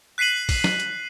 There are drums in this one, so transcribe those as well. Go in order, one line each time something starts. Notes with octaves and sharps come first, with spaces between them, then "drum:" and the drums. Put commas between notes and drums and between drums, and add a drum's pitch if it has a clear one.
F#6 B6 C7 D#7 F#7
drum: kick B1, open hi-hat
drum: snare
drum: hi-hat